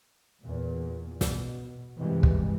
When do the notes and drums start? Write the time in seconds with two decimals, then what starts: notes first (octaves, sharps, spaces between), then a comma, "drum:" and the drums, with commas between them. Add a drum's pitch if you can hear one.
0.45 E2 A#2
1.21 B2, drum: snare
1.98 G2 C3 E3 G#3
2.23 drum: kick